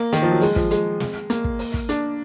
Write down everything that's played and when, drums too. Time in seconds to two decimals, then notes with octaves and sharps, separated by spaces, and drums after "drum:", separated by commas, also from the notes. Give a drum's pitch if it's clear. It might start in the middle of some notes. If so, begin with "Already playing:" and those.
Already playing: A#3
0.13 D#3, drum: hi-hat
0.22 F3
0.32 F#3
0.41 G#3, drum: open hi-hat
0.56 F3, drum: kick
0.71 G#3, drum: hi-hat
1.00 drum: snare
1.30 A#3, drum: hi-hat
1.44 drum: kick
1.59 drum: open hi-hat
1.74 drum: kick
1.89 D4, drum: hi-hat